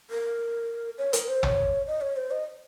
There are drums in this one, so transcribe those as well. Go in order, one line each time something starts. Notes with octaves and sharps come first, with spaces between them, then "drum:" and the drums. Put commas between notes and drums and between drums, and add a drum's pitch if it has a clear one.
A#4
C#5
A#4, drum: hi-hat
C5
C#5, drum: tom
D#5
C#5
C5
D#5